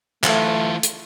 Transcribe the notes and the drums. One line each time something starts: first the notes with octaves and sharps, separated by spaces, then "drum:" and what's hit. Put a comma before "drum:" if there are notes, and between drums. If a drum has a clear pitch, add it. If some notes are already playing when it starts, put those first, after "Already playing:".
E3 A3 F4, drum: clap
drum: hi-hat